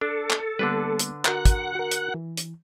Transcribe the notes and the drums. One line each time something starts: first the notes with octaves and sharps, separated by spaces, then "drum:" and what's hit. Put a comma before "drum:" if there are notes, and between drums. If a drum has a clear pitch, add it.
D4 A4
drum: clap
D3 G3 A#3 B3 D4 B4
drum: hi-hat
F#4 A#4 F#5 A#5, drum: clap
drum: kick, hi-hat
F#4 A#4
drum: hi-hat
E3
drum: hi-hat